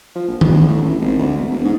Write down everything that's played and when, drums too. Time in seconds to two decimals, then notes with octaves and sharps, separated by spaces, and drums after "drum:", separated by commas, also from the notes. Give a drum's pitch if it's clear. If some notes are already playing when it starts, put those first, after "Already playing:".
0.15 F3
0.28 A#1
0.41 F2, drum: tom D#3
0.53 D2
0.68 A2
0.82 A1
1.01 G#1
1.19 D2
1.38 E1
1.51 E1
1.64 G#2